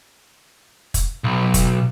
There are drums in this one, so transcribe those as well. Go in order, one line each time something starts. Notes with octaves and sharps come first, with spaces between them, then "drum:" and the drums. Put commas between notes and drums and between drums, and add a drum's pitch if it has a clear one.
drum: kick, hi-hat
B1
drum: kick, hi-hat